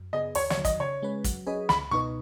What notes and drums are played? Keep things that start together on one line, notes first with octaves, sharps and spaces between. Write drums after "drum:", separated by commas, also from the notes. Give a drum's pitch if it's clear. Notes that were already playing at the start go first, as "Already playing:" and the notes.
Already playing: F#2
C#3 B3 G#4 D#5
D#2 C#5, drum: open hi-hat
C#5, drum: snare
D#3 F#3
D#5, drum: kick, hi-hat
C#3 C#5
G#3 C#4 B4
F#3, drum: kick, hi-hat
C#4 G#4 B4 D#5
C#2 B5, drum: snare
B2 B3 D#4 B4 C#6